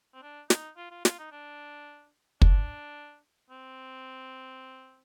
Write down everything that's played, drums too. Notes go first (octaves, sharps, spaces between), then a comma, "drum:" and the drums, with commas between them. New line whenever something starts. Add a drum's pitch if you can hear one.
C4
D4
D#4, drum: snare
F4
F4
F4, drum: snare
D#4
D4
D4, drum: kick
C4